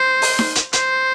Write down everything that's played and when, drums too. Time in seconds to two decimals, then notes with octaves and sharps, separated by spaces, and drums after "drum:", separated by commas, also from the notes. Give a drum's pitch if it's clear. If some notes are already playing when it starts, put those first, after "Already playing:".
Already playing: C5
0.22 drum: open hi-hat
0.39 drum: snare D#4
0.55 drum: hi-hat
0.73 C5, drum: hi-hat